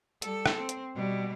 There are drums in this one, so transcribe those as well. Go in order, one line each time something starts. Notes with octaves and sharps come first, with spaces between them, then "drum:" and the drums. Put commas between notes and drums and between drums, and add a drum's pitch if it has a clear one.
G3 A4, drum: hi-hat
drum: rim click
C4
drum: hi-hat
B2 G3